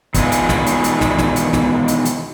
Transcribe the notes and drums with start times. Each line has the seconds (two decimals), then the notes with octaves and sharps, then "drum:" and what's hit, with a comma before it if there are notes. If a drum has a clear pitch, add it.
0.14 E2 B2 D#3 G#3 F4 G#5, drum: kick, hi-hat
0.32 drum: hi-hat
0.49 drum: snare
0.66 drum: hi-hat
0.84 drum: hi-hat
1.01 drum: snare
1.18 drum: snare
1.36 drum: hi-hat
1.53 drum: snare
1.88 drum: hi-hat
2.05 drum: hi-hat